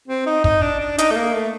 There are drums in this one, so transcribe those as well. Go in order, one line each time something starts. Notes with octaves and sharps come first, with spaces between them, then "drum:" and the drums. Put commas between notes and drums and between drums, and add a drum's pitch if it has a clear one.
C4
D#4
D#4, drum: kick
D4
D4
D#4, drum: hi-hat
A3
A#3
A3